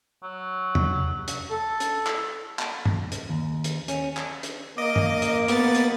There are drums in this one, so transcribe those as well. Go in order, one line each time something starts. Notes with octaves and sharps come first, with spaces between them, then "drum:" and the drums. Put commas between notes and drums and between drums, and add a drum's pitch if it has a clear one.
F#3
drum: tom
drum: hi-hat
A4
drum: hi-hat
drum: clap
drum: clap
drum: tom
drum: hi-hat
D#2
drum: hi-hat
C#4, drum: hi-hat
drum: clap
drum: hi-hat
A#3 D#5 D6
drum: tom
drum: hi-hat
B3 A6, drum: hi-hat
drum: hi-hat